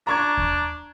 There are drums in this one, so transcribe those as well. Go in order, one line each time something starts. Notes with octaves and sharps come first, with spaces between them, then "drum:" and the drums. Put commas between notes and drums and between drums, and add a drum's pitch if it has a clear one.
D4 A#5 C#6 G#6
drum: kick D#2